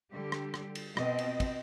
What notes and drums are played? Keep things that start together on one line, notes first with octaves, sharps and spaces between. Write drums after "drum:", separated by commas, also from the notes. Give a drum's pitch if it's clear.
D3 G3 G4
drum: rim click
drum: rim click
drum: cymbal
B2 C4 D#5, drum: rim click
drum: cymbal
drum: kick, cymbal